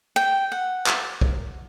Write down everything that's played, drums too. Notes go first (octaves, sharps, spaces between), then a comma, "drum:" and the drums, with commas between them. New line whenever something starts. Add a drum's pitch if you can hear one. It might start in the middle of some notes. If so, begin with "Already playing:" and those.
G5
F#5
drum: clap
drum: kick